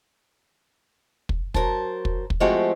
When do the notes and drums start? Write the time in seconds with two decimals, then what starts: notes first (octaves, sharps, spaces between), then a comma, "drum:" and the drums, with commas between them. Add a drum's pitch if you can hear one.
1.29 drum: kick
1.54 F#3 A#4 C5 A5, drum: kick
2.05 drum: kick
2.30 drum: kick
2.40 F3 G#3 A3 C4 F#4 G4